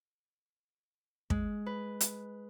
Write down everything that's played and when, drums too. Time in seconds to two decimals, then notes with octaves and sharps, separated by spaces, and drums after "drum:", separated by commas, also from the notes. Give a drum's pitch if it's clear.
1.30 G#3, drum: kick
1.66 B4
2.01 drum: hi-hat